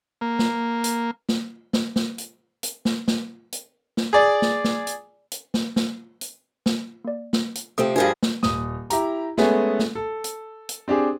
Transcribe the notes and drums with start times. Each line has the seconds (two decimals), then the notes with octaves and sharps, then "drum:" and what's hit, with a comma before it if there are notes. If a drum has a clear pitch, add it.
0.21 A#3
0.39 drum: snare
0.84 drum: hi-hat
1.29 drum: snare
1.73 drum: snare
1.96 drum: snare
2.18 drum: hi-hat
2.63 drum: hi-hat
2.85 drum: snare
3.08 drum: snare
3.52 drum: hi-hat
3.97 drum: snare
4.13 G#4 D5
4.42 drum: snare
4.64 drum: snare
4.87 drum: hi-hat
5.32 drum: hi-hat
5.54 drum: snare
5.76 drum: snare
6.21 drum: hi-hat
6.66 drum: snare
7.04 A#3 D5
7.33 drum: snare
7.55 drum: hi-hat
7.78 C3 F3 A3 C4 A4 D#6
7.96 G2 F3 D4 F#4 G#4 A#4
8.23 drum: snare
8.43 D#1 D#6, drum: snare
8.90 E4 G4 A#5, drum: hi-hat
9.37 G#3 A3 B3 C#4 G#4, drum: snare
9.79 drum: snare
9.95 A4
10.24 drum: hi-hat
10.69 drum: hi-hat
10.88 C4 D4 G4 G#4